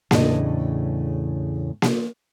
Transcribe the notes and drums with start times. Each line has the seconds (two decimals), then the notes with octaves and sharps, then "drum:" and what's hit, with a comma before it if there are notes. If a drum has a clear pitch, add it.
0.11 E2 A2 C#3 A3 D4 D#5, drum: snare A#3
1.82 drum: snare A#3